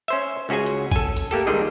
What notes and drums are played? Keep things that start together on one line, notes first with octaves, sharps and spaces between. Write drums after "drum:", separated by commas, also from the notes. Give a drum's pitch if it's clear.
C#4 C5 E5
C#2 C#4 F#4 G#4 G#5
drum: hi-hat
A4 G#5, drum: kick, hi-hat
drum: hi-hat
A3 A#3 G4 A4
G#2 D3 D#3 G3 G#4 D#5